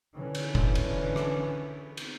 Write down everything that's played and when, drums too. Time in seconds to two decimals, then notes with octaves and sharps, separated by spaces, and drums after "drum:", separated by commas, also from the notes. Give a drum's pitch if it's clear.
0.14 D3 E3 C#4
0.35 drum: cymbal
0.55 drum: kick F1
0.75 drum: cymbal
1.16 drum: rim click
1.97 drum: cymbal